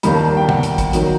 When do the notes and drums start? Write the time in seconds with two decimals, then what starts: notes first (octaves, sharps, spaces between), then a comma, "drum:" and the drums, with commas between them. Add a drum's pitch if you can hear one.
0.03 D#2 D#3 G3 B5, drum: hi-hat
0.14 A5
0.25 A5
0.37 G5
0.49 F#5, drum: tom
0.63 drum: hi-hat
0.78 drum: kick, hi-hat
0.93 D#3 F#3, drum: hi-hat